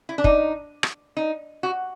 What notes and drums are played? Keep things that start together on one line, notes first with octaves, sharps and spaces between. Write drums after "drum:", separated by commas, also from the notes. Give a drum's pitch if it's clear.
E4
D4
D#4, drum: kick
drum: rim click
D#4
F#4